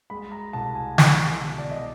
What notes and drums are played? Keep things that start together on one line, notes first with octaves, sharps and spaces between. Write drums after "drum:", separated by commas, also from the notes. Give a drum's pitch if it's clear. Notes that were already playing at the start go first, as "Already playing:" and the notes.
G#3 B5
A#5
C2 A5
G#5
C2 G#5, drum: snare
B2
D5
D#5